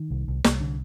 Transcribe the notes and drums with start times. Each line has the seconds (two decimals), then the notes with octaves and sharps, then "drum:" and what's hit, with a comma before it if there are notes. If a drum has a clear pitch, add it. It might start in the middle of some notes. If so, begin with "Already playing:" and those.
Already playing: D#3
0.11 C2
0.28 C2
0.44 C2, drum: snare
0.60 D3